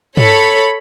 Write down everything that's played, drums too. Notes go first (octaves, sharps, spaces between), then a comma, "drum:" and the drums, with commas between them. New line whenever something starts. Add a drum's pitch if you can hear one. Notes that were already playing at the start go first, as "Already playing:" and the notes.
A4 C#5 B5, drum: tom